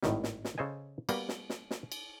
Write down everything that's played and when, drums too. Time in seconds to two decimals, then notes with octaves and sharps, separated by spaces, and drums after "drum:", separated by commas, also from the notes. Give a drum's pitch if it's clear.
0.03 G#1 A2 D#3 G3, drum: snare
0.24 drum: snare
0.45 drum: snare
0.58 C#3 A4 C5 D#5 G#5
1.09 G3 A#3 B3 F#4, drum: cymbal
1.29 drum: snare
1.50 drum: snare
1.71 drum: snare
1.92 drum: cymbal